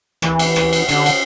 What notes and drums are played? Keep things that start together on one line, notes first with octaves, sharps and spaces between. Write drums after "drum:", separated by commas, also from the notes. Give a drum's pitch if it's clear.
E3, drum: rim click
drum: cymbal
drum: rim click
drum: cymbal
D3, drum: cymbal
drum: cymbal